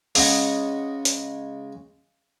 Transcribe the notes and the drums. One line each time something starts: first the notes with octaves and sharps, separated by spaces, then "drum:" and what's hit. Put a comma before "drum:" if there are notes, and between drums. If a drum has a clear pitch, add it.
C#3 G#3 D#5 F#5, drum: open hi-hat
drum: hi-hat